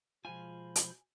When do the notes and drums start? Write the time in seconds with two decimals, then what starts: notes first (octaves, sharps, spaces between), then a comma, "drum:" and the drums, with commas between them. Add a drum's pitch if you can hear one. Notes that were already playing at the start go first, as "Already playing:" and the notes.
0.25 B2 F3 G#3 F4 C5 G#5 B5
0.76 drum: hi-hat